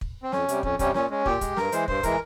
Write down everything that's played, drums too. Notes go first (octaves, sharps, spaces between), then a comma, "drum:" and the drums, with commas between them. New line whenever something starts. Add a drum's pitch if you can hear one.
drum: kick
C4
F2 C#4, drum: snare
C3 G3, drum: hi-hat
F2 C#4, drum: kick
C3 G3 C#4, drum: kick, hi-hat
A#2 C#4, drum: snare
G#3 C#4
A#2 G4, drum: kick
G#3, drum: kick, hi-hat
G2 A#4, drum: snare
E3 G#3 C5, drum: hi-hat
G2 C5, drum: kick
E3 G#3 A#4, drum: kick, hi-hat